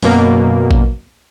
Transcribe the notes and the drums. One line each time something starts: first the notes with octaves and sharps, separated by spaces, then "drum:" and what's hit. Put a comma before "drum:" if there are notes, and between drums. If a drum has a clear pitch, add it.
F#2 B2 A#3, drum: open hi-hat
drum: kick A#1